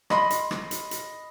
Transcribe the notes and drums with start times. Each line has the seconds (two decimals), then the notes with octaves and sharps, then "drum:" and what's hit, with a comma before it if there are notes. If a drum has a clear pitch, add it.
0.10 D#5 B5 C6, drum: rim click
0.30 drum: hi-hat
0.51 drum: rim click
0.71 drum: hi-hat
0.91 drum: hi-hat